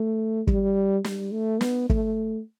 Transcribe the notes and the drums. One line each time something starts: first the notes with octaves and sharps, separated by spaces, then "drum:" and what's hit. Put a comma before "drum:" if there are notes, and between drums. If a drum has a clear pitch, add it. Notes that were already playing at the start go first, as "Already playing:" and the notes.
Already playing: A3
G3, drum: kick
G3, drum: snare
A3
B3, drum: snare
A3, drum: kick